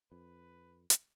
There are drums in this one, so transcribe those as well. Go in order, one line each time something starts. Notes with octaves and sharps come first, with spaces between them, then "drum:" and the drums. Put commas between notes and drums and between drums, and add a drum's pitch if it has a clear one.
F2 B4
drum: hi-hat